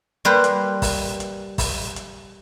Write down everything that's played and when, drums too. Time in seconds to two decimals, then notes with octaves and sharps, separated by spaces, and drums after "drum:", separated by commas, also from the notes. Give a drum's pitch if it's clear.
0.25 G3 A#3 B4 C5 G5
0.44 drum: hi-hat
0.82 drum: kick, open hi-hat
1.20 drum: hi-hat
1.58 drum: kick, open hi-hat
1.96 drum: hi-hat